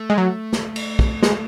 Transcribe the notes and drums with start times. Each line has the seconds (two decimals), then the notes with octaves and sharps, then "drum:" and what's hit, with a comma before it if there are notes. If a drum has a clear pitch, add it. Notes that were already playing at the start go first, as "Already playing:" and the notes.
Already playing: A3
0.10 G#3
0.18 F#3
0.52 drum: snare
0.76 drum: cymbal
0.99 drum: kick
1.23 G#3, drum: snare